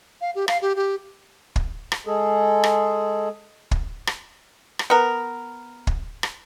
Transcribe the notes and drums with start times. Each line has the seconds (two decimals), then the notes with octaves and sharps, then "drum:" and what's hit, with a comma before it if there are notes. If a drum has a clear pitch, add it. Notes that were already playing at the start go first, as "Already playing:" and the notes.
0.21 F5
0.35 G4
0.48 F5, drum: rim click
0.62 G4
0.76 G4
1.56 drum: kick
1.92 drum: rim click
2.06 G#3 G#4 A4
2.64 drum: rim click
3.71 drum: kick
4.07 drum: rim click
4.79 drum: rim click
4.90 B3 A#4
5.87 drum: kick
6.23 drum: rim click